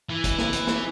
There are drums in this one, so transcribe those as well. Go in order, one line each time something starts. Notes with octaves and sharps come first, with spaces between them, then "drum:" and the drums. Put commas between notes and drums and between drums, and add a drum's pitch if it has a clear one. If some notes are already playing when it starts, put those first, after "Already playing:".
E3
drum: kick, hi-hat
drum: snare
drum: hi-hat
drum: snare